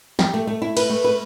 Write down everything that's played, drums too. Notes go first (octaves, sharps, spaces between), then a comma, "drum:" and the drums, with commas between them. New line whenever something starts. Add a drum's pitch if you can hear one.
G4, drum: snare
A3
A3
E4
B4, drum: cymbal
A3
B4